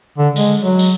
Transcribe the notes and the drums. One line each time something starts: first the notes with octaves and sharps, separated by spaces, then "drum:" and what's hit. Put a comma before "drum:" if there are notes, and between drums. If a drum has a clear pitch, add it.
D3
G#3, drum: tambourine
F#3
drum: tambourine